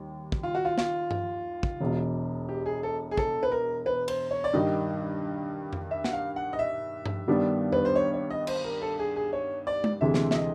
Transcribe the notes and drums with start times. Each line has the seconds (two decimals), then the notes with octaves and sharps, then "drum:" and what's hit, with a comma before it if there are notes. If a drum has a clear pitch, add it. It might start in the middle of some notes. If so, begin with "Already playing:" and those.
Already playing: D#2 G3
0.32 drum: kick
0.43 F4
0.55 F#4
0.65 F4
0.78 F4, drum: snare
1.11 drum: tom G2
1.63 drum: kick
1.80 E1 E2 B2
2.49 G4
2.66 G#4
2.83 A4
3.11 G#4
3.17 A4, drum: kick
3.43 B4
3.52 A#4
3.86 B4
4.08 C5, drum: cymbal
4.31 C#5
4.44 D5
4.53 G2 D#3 G3 D#5
5.73 drum: tom F2
5.91 E5
6.04 F#5, drum: snare
6.13 F5
6.36 F#5
6.53 D#5
6.59 E5
7.06 drum: tom G2
7.28 G2 D#3 G3 B3 D4
7.72 B4, drum: tom F2
7.85 C5
7.96 C#5
8.14 C#5
8.31 D#5
8.47 C5, drum: cymbal
8.64 A#4
8.82 A4
8.99 G#4
9.16 G#4
9.33 C#5
9.67 D5
9.84 drum: tom G#3
10.01 D2 C3 E3 G#3 E5
10.14 drum: snare
10.31 E5, drum: snare
10.35 D#5